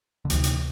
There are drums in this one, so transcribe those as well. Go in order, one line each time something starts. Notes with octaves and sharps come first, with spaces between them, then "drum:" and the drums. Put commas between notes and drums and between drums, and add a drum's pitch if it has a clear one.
D3
D2 C3 E3, drum: hi-hat
drum: hi-hat